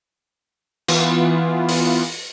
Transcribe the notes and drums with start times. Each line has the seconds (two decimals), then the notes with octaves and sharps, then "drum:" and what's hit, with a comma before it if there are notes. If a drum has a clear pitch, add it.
0.88 E3 B3 F4, drum: cymbal
1.68 drum: open hi-hat